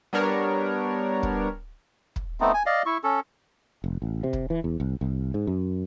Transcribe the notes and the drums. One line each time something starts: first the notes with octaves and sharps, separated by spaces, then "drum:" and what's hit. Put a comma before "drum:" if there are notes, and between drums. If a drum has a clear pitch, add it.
G3 B3 D4 A#4 C#5
drum: kick
drum: kick
A3 B3 C4 D#4
G#5
D5 D#5 F5
E4 C#6
C#4 A4
F1
A1
C3
drum: kick
E3
E2
C2
C2
G#2
F#2